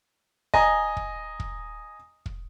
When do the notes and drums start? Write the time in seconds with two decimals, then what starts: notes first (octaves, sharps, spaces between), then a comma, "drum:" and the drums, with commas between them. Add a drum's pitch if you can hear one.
0.54 D#5 G#5 A#5, drum: kick
0.97 drum: kick
1.40 drum: kick
2.26 drum: kick